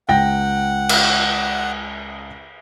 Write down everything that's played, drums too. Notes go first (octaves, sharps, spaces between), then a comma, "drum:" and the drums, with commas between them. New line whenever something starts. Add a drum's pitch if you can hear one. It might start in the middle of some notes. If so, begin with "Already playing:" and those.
C#2 F#5 G5 A#6
drum: cymbal